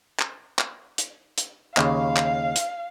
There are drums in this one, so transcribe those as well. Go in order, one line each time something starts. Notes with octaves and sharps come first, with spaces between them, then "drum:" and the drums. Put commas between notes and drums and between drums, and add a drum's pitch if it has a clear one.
drum: clap
drum: clap
drum: hi-hat
drum: hi-hat
D#2 C#3 F5, drum: clap
drum: clap
drum: hi-hat